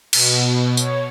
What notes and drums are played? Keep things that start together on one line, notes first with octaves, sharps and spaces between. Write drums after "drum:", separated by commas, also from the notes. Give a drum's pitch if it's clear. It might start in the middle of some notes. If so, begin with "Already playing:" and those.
B2, drum: cymbal
C#5, drum: tambourine